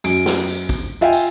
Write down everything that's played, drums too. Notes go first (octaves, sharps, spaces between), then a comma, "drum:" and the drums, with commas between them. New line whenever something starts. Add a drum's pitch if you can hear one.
F#2 D7, drum: tambourine
drum: snare
drum: tambourine
drum: kick, tambourine
F4 E5 F5 G5 G#5
drum: tambourine